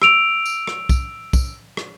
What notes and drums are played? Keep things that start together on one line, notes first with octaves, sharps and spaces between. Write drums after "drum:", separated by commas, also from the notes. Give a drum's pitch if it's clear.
E6 D7 F7, drum: rim click
drum: tambourine
drum: rim click
drum: kick, tambourine
drum: kick, tambourine
drum: rim click